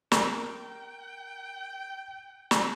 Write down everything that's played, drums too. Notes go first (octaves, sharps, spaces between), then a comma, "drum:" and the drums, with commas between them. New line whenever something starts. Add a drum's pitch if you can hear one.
A#4 G5, drum: snare
drum: snare